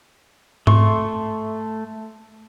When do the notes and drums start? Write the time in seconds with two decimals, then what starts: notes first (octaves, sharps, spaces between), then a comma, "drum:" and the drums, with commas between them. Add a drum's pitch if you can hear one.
0.67 A3 C6 C#6, drum: tom G#2